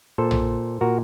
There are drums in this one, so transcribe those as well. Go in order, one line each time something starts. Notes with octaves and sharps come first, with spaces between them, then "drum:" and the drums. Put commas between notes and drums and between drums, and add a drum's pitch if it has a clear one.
A#2 A4 C5
drum: tom
A#2 F#4 A#4